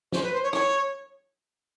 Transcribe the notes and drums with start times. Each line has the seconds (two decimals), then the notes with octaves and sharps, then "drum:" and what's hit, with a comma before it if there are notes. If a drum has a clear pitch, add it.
0.12 C5, drum: snare
0.23 B4
0.32 C5
0.43 C#5
0.53 C#5, drum: rim click